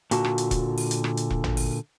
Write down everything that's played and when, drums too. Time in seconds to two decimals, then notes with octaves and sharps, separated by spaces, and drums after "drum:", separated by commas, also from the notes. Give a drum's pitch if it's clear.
0.11 A#2 D3 F#4 A5, drum: hi-hat
0.25 drum: rim click
0.38 drum: hi-hat
0.51 drum: kick E1, hi-hat
0.78 drum: open hi-hat
0.91 drum: hi-hat
1.04 drum: rim click
1.17 drum: hi-hat
1.31 drum: kick E1
1.44 drum: tom
1.57 drum: open hi-hat